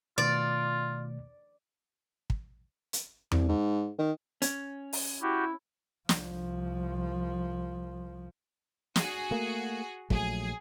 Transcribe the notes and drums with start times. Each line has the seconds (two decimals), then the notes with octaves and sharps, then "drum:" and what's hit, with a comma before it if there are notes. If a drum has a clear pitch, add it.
0.18 B2 D#3 A3 F4 D5
2.30 drum: kick
2.93 drum: hi-hat
3.32 C2, drum: tom E2
3.48 G#2
3.99 D#3
4.42 C#4, drum: hi-hat
4.93 drum: open hi-hat
5.22 E4 F#4 G4
6.09 C2 F3, drum: snare
8.96 F#4 G#4, drum: snare
9.31 A3 A#3
10.10 A#1 F#3 A3 G#4, drum: kick